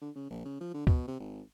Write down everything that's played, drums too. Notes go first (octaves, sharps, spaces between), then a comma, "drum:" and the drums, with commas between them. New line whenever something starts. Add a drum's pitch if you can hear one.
D3
C#3
A#1
C#3
F3
D3
B2, drum: kick
C3
G#1